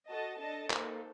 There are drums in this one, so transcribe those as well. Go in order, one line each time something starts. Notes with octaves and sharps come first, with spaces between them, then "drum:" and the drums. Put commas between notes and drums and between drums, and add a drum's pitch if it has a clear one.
F#4 A4 D#5 A5
D4 A4 D#5 A5
A#3 D#4 A4 C5, drum: clap